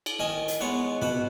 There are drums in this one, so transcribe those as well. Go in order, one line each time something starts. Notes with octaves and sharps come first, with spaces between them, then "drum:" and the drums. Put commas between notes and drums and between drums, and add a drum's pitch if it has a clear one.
drum: cymbal
D#3 D#5 G#5
drum: hi-hat
G#3 B3 C#5 F#5
B2 F#5 B5, drum: tom